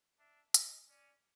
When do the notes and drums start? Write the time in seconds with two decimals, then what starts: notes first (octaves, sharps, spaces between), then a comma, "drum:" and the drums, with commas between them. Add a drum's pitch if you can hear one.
0.19 D4 E5
0.54 D#5, drum: hi-hat
0.89 C#4 D5